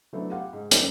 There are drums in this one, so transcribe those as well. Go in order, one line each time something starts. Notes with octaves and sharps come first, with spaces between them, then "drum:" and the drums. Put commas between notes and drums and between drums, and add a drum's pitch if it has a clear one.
F#3 A3 B3 D4 E4
F4 G4 F#5
G#2
F#2 A3, drum: hi-hat